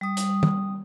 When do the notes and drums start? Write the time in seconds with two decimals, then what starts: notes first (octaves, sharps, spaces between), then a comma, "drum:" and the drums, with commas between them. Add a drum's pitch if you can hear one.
0.01 G3 D#6
0.17 drum: hi-hat
0.43 drum: tom